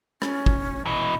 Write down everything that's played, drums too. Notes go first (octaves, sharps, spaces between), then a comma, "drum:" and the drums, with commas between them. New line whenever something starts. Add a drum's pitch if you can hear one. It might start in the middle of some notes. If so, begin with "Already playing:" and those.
C#4, drum: rim click
drum: kick
B2 E3 D#5